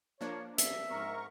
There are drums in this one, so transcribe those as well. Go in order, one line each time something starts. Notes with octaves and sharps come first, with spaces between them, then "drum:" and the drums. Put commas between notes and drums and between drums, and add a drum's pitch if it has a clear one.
F3 A#3 D4 C#5
E5, drum: hi-hat
G#2 A#4 C#6